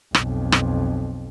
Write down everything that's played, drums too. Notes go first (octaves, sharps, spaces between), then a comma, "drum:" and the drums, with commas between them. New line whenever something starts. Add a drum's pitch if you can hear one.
B1 F2, drum: rim click
drum: rim click